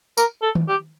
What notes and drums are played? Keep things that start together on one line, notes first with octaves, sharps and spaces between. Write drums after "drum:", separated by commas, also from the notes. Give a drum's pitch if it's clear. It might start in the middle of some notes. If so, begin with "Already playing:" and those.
A#4, drum: tambourine
A4
drum: tom D#3
G4